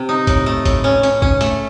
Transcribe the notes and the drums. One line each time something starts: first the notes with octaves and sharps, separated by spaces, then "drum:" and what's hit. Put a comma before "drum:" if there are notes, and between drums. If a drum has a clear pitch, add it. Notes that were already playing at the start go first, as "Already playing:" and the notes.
Already playing: C3
D#4
A2, drum: kick, hi-hat
A3
A2, drum: kick, hi-hat
C#4
C#4, drum: hi-hat
C#4, drum: kick
A3, drum: hi-hat